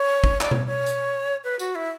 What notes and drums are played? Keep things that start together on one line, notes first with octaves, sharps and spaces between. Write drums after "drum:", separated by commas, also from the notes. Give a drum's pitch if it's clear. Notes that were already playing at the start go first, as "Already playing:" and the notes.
Already playing: C#5
drum: kick
D5, drum: clap
C#5, drum: tom B2
C#5
drum: hi-hat
B4
F#4, drum: tambourine
E4